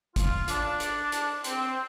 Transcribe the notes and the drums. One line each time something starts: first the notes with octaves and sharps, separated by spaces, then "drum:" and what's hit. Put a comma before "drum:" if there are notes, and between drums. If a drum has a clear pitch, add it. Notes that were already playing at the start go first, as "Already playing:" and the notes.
F4, drum: kick, hi-hat
D4, drum: hi-hat
drum: hi-hat
drum: hi-hat
C4, drum: hi-hat